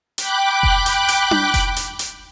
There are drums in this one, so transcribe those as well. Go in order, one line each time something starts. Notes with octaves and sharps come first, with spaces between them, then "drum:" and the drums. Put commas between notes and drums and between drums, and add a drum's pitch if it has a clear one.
G5 B5 D6 F#6, drum: hi-hat
drum: kick F1
drum: hi-hat
drum: hi-hat
drum: tom D4
drum: kick F1, hi-hat
drum: hi-hat
drum: hi-hat